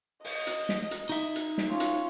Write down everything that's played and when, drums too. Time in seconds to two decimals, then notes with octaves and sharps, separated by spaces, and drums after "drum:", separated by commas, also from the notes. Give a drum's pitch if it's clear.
0.24 D#5, drum: open hi-hat
0.47 drum: hi-hat
0.69 drum: snare
0.91 drum: hi-hat
1.09 D#4 E5
1.35 drum: hi-hat
1.58 drum: snare
1.68 C#4 F4
1.80 drum: hi-hat